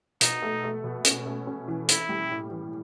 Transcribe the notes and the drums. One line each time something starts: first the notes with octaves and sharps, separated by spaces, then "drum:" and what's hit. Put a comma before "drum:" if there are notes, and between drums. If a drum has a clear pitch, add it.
B2 D#4, drum: hi-hat
A3
A3
B2
C#4, drum: hi-hat
A3
C#4
E3
E3 E4, drum: hi-hat
G3
A2
E3